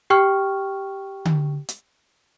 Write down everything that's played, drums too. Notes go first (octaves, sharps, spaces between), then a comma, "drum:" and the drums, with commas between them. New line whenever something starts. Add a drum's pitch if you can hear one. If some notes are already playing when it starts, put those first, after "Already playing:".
G4 G5 C#6 F6
drum: tom D3
drum: hi-hat